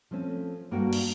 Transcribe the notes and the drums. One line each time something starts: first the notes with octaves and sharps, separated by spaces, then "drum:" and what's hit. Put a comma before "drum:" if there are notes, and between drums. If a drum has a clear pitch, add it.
F3 A3 C4 C#4
G2 A#3 D4 F#4 D5 F#5
drum: cymbal